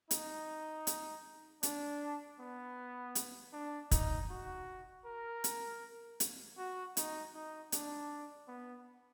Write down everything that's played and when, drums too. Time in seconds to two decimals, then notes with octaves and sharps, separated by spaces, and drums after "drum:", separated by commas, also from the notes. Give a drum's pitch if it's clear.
0.11 D#4, drum: hi-hat
0.87 drum: hi-hat
1.63 D4, drum: hi-hat
2.40 B3
3.15 drum: hi-hat
3.53 D4
3.91 D#4, drum: kick, hi-hat
4.30 F#4
5.06 A#4
5.44 drum: hi-hat
6.20 drum: hi-hat
6.58 F#4
6.97 D#4, drum: hi-hat
7.35 D#4
7.72 D4, drum: hi-hat
8.48 B3